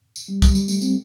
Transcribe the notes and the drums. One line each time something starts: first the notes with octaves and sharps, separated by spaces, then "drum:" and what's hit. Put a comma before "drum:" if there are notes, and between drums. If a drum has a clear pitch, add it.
drum: tambourine
G3
G3, drum: kick, tambourine
G3, drum: tambourine
A3, drum: tambourine
C4, drum: tambourine